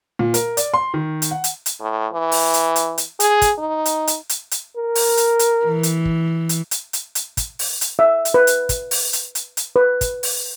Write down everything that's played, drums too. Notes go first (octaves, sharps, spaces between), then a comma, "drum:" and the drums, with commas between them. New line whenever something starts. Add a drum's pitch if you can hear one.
A#2
A#4, drum: hi-hat
D5, drum: hi-hat
C6
D#3
drum: hi-hat
F#5
drum: hi-hat
drum: hi-hat
A2
E3
drum: open hi-hat
drum: hi-hat
drum: hi-hat
drum: hi-hat
G#4, drum: hi-hat
drum: kick, hi-hat
D#4
drum: hi-hat
drum: hi-hat
drum: hi-hat
drum: hi-hat
A#4
drum: open hi-hat
drum: hi-hat
drum: hi-hat
E3
drum: hi-hat
drum: kick
drum: hi-hat
drum: hi-hat
drum: hi-hat
drum: hi-hat
drum: kick, hi-hat
drum: open hi-hat
drum: hi-hat
E5
drum: hi-hat
B4
drum: hi-hat
drum: kick, hi-hat
drum: open hi-hat
drum: hi-hat
drum: hi-hat
drum: hi-hat
B4
drum: kick, hi-hat
drum: open hi-hat